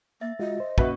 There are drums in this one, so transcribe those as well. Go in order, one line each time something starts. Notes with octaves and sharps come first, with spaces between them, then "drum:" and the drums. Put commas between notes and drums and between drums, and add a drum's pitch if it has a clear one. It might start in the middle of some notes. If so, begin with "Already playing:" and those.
A#3 E5 A6
G#3 F4 F#4 D#5
C5
A#2 A#3 C#4 F#4 B4 E5 C#6, drum: kick